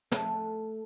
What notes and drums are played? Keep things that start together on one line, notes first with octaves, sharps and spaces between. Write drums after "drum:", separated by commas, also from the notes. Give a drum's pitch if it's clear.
A3, drum: snare